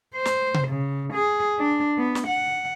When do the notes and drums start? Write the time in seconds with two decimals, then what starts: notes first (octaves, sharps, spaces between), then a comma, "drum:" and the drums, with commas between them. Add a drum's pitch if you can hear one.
0.15 C5
0.25 drum: snare
0.54 drum: tom C3
0.68 C#3
1.13 G#4
1.60 D4
1.98 B3
2.15 drum: snare
2.27 F#5